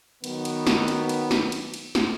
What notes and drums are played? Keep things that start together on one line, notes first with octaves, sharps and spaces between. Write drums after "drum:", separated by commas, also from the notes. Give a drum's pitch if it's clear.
D#3 F#3 B3, drum: cymbal
drum: cymbal
drum: snare
drum: cymbal
drum: cymbal
drum: snare
drum: cymbal
drum: cymbal
drum: snare